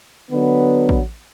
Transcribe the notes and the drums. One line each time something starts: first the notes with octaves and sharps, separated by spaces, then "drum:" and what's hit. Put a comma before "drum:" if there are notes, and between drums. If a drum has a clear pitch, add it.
D3 F#3 B3
drum: kick